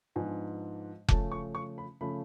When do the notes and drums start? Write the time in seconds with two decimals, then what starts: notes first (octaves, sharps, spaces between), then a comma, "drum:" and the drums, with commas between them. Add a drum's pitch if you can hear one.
0.15 G#2 F3 B3 D4 G#5
1.09 C#3 F3 A3 C#4 A5, drum: kick F1
1.32 C#6
1.55 C#6
1.78 B5
2.01 C#3 F3 A3 C#4 B5